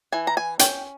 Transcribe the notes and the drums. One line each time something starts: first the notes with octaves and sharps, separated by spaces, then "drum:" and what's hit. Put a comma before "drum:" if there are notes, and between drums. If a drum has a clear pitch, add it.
E3 G#5
A#5
G#5
C#4 G5, drum: hi-hat